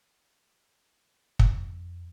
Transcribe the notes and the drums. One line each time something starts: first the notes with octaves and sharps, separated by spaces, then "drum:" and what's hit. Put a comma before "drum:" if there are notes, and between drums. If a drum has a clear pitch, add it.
F2, drum: kick